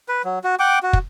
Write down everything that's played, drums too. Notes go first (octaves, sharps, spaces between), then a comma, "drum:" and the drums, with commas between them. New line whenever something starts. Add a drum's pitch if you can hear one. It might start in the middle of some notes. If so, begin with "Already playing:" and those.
B4
F#3
F#4
F#5 G5 D6
F#4
drum: kick